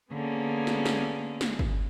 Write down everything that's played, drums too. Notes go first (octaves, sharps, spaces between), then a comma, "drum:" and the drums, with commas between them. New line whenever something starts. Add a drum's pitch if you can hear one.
D3 A#3 B3 C#4 G#4
drum: snare
drum: snare
drum: snare
drum: kick